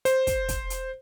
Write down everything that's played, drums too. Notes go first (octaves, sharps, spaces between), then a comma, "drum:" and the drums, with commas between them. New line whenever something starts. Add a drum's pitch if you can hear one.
C5, drum: hi-hat
drum: kick, hi-hat
drum: kick, hi-hat
drum: hi-hat